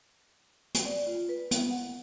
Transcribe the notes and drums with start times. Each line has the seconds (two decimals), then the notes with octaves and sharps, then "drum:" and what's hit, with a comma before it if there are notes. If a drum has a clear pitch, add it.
0.74 drum: hi-hat
0.85 D5
1.07 F4
1.29 B4
1.51 B3, drum: hi-hat
1.71 F#5